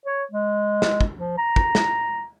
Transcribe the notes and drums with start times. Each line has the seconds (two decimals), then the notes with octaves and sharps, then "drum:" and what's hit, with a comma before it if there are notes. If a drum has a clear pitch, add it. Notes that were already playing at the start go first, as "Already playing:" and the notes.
0.06 C#5
0.31 G#3
0.82 drum: snare
1.01 drum: kick
1.18 F3
1.38 A#5
1.56 drum: kick
1.75 drum: snare